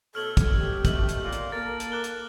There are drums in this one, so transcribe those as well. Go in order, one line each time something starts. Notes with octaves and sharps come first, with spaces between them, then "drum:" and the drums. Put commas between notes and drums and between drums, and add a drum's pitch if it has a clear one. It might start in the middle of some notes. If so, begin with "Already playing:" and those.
B2 A3 A4 C#5 F6 F#7
drum: kick, hi-hat
G4
B2 A3 F#7, drum: kick, hi-hat
drum: hi-hat
A#2
drum: hi-hat
A#3 A4 A#4 A6
drum: hi-hat
D6 F#6 G7
drum: hi-hat